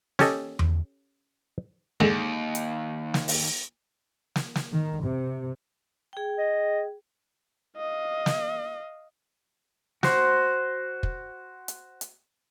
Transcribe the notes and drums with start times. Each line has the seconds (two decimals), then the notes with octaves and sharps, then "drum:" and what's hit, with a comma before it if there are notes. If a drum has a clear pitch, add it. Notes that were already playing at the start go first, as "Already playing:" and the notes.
0.19 C#4 G4 A4 D#5, drum: snare
0.59 drum: tom E2
2.00 D#2 D3 G#3
2.55 drum: hi-hat
3.14 drum: snare
3.28 drum: open hi-hat
4.36 drum: snare
4.56 drum: snare
4.72 D#3
5.02 C3
6.13 G#4 G5
6.38 D#5
7.77 D#5 F5
8.26 drum: snare
10.03 F#4 C5, drum: snare
11.03 drum: kick
11.68 drum: hi-hat
12.01 drum: hi-hat